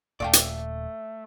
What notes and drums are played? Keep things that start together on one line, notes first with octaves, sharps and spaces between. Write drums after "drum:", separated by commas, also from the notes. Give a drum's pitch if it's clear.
D#1 G#1 A3 D5 F5 G5
drum: hi-hat